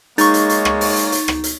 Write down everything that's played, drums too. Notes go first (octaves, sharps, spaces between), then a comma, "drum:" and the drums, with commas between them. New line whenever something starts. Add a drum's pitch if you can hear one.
G#3 A#3 D#4 C#5 C#6 A6, drum: hi-hat
drum: hi-hat
drum: hi-hat
drum: rim click
drum: open hi-hat
drum: hi-hat
drum: hi-hat
drum: rim click
drum: hi-hat